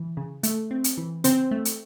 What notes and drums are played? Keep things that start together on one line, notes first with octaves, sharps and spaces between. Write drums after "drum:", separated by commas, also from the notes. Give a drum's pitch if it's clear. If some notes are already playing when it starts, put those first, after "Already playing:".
Already playing: E3
C#3
A3, drum: hi-hat
C4
drum: hi-hat
E3
C#3 C4 C5, drum: hi-hat
A3
drum: hi-hat